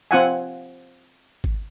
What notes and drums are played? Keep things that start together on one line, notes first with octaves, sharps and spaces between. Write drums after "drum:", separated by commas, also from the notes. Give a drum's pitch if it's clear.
C4 F4 F#5 G#5
drum: kick G#1